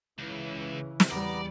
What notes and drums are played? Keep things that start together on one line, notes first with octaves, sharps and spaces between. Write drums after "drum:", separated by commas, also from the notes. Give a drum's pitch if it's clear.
C#2 C#3 E3
drum: snare
E2 G3 B3 D5 A#5 D6